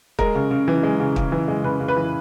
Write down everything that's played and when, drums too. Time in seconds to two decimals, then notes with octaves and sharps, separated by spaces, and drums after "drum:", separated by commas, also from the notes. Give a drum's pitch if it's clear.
0.19 G#3 A#4, drum: kick
0.35 C#3
0.51 C#3
0.68 E3
0.83 G#3
1.00 C#3
1.16 C#3, drum: kick
1.32 E3
1.48 G#3
1.64 C#3 B4
1.80 C#3
1.88 B4
1.97 E3